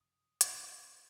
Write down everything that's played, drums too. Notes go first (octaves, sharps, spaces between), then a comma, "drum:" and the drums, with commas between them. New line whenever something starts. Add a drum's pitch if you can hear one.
F#2 C3 F3 D#6
A2, drum: hi-hat